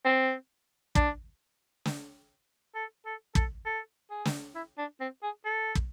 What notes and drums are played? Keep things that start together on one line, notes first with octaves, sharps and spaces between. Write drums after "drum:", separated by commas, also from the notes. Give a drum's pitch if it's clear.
C4
D4, drum: kick
drum: snare
A4
A4
A4, drum: kick
A4
G#4
drum: snare
E4
D4
C4
G#4
A4
drum: kick